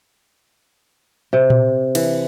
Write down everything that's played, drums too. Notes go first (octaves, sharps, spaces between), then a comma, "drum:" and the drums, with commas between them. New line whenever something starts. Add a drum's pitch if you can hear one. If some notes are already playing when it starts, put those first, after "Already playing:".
C3
drum: tom A#2
E3, drum: cymbal